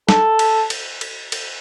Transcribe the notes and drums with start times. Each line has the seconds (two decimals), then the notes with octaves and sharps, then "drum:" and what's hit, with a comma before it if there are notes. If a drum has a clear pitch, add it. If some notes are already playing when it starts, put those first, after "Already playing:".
0.09 A4, drum: snare
0.39 drum: cymbal
0.70 drum: cymbal
1.01 drum: cymbal
1.32 drum: cymbal